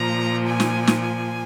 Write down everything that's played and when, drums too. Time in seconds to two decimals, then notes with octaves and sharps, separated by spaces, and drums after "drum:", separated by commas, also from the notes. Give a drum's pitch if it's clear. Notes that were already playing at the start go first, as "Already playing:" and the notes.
Already playing: A#2 F3 A#5
0.46 G#5
0.60 drum: snare
0.87 drum: snare
1.02 G#5